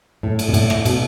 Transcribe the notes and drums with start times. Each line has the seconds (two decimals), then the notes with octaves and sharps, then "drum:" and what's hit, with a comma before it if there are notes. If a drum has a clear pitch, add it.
0.23 A2
0.39 drum: cymbal
0.48 B2
0.54 A2, drum: cymbal
0.70 drum: rim click
0.85 B2, drum: cymbal